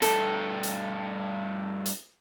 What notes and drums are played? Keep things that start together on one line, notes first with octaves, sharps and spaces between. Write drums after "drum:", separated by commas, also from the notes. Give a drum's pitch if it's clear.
G2 A3 A4, drum: hi-hat
drum: hi-hat
drum: hi-hat